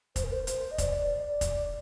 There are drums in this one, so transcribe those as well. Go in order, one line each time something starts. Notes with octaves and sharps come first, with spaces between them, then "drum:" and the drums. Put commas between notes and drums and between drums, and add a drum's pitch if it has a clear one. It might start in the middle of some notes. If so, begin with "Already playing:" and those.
C5, drum: kick F1, hi-hat
A#4
C5
drum: hi-hat
D#5
D5, drum: kick F1, hi-hat
drum: kick F1, hi-hat